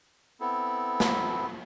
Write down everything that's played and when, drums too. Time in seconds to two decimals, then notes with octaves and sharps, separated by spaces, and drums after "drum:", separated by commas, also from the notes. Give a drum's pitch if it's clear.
0.41 B3 C4 E4 A4
1.00 drum: snare